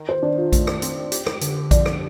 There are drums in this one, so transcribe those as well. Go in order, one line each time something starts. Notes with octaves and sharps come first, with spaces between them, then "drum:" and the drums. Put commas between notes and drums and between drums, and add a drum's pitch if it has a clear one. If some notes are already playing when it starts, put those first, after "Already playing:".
Already playing: D#3
C5
D#3 D4
F4
A3, drum: kick A#1, hi-hat
drum: rim click
C4, drum: hi-hat
G4, drum: hi-hat
drum: rim click
D3, drum: hi-hat
F3 D5, drum: kick A#1, hi-hat
drum: rim click